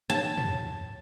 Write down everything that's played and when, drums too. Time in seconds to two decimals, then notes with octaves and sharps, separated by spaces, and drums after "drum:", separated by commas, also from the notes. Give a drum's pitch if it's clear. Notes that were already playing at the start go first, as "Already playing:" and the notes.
0.10 A5
0.37 drum: tom